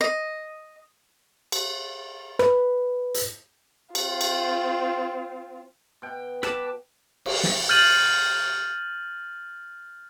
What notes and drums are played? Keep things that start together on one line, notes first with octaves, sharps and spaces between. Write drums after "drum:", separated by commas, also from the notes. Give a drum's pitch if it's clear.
D#5
drum: cymbal
B4, drum: rim click
drum: hi-hat
C4 F4, drum: cymbal
drum: cymbal
B2 G5
B4 A5 D6, drum: rim click
drum: cymbal
drum: snare
F6 G6 A6 D#7 F#7